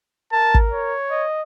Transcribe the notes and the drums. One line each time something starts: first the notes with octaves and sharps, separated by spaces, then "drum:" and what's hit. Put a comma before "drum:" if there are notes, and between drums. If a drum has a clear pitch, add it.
A#4 A5
drum: kick
C#5
D#5